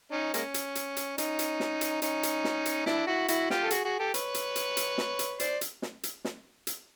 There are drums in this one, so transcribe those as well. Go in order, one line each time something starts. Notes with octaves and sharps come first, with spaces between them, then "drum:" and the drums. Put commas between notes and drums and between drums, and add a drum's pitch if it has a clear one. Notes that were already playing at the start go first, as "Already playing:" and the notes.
C#4 D#4
G#3 A#3 C#4, drum: hi-hat
drum: hi-hat
drum: hi-hat
drum: hi-hat
C#4 D#4, drum: hi-hat
drum: hi-hat
drum: snare
drum: hi-hat
C#4 D#4, drum: hi-hat
drum: hi-hat
drum: snare
drum: hi-hat
D4 E4, drum: snare
E4 F#4
E4 F#4, drum: hi-hat
F4 G4, drum: snare
A4
F#4 G#4, drum: hi-hat
F#4 G#4
G4 A4
B4 C#5, drum: hi-hat
drum: hi-hat
drum: hi-hat
drum: hi-hat
drum: snare
drum: hi-hat
C5 D5, drum: hi-hat
drum: hi-hat
drum: snare
drum: hi-hat
drum: snare
drum: hi-hat